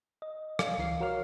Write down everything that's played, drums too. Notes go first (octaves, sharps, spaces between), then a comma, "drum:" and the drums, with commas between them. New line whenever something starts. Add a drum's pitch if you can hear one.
D#5
F5, drum: rim click
C#2 E3 C7
F#4 A#4 C#5 F5 F6